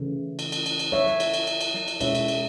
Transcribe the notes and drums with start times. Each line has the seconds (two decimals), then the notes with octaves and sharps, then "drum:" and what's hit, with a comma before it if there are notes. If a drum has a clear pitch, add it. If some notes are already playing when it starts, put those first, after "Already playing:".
Already playing: C#3 E3 A3
0.39 drum: cymbal
0.52 drum: cymbal
0.66 drum: cymbal
0.79 drum: cymbal
0.92 C#5 E5, drum: snare
1.06 drum: snare
1.20 drum: cymbal
1.33 drum: cymbal
1.47 drum: cymbal
1.61 drum: cymbal
1.74 drum: snare
1.88 drum: cymbal
2.01 B2 G#3 C#4 E4 C#5 E5, drum: cymbal
2.15 drum: cymbal
2.28 drum: cymbal